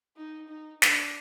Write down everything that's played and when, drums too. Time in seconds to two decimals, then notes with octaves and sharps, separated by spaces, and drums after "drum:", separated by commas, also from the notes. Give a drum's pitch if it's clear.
0.17 D#4
0.49 D#4
0.82 D4, drum: snare